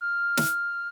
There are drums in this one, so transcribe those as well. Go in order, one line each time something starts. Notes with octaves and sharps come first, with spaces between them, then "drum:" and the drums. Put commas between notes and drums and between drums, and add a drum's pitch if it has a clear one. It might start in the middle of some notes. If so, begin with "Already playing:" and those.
F6
drum: snare